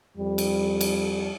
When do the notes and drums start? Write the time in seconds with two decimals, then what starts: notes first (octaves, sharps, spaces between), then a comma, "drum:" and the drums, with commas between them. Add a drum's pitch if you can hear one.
0.17 F2 G3
0.38 drum: cymbal
0.81 drum: cymbal